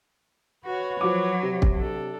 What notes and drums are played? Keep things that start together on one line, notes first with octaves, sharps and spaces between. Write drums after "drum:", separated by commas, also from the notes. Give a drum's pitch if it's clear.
F#4 B4 C#5
F3 F#3 F#4 D6
C3
drum: kick
D4 A4